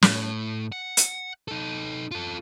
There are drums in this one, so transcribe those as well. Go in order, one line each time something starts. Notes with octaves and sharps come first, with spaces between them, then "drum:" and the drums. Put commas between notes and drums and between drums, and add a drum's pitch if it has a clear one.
A2, drum: snare
F#5
drum: hi-hat
D#4 A4
F4 A4